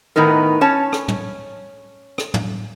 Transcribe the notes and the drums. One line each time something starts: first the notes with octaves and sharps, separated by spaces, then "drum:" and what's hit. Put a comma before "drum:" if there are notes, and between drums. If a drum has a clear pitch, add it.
A2 D#3 B3 D#4 A#4
C#4 C#5 A5
drum: rim click
drum: tom
drum: rim click
drum: tom